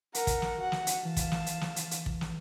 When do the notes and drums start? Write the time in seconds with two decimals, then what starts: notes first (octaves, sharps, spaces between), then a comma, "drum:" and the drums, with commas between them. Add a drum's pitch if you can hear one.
0.15 A#4 F#5, drum: hi-hat
0.27 drum: kick, hi-hat
0.42 drum: snare
0.57 F#4 F#5
0.72 drum: snare
0.87 drum: hi-hat
1.05 E3 F5 A5
1.17 drum: kick, hi-hat
1.32 drum: snare
1.46 drum: hi-hat
1.61 drum: snare
1.76 drum: hi-hat
1.91 drum: hi-hat
2.06 drum: kick
2.21 drum: snare